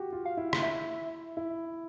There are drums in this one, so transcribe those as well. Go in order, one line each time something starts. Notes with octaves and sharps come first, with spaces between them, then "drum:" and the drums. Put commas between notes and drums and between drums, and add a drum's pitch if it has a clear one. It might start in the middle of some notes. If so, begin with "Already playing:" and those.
Already playing: F#4 G4
F4
F5
E4
drum: rim click
E5
E4